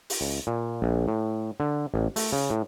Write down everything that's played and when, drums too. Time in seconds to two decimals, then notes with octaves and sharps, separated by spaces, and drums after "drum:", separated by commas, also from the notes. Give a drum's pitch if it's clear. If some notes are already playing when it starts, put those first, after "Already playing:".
0.10 drum: open hi-hat
0.21 C#2
0.47 A#2
0.82 A#1
1.08 A2
1.60 D3
1.94 A1
2.16 A3, drum: open hi-hat
2.33 C#3
2.50 A2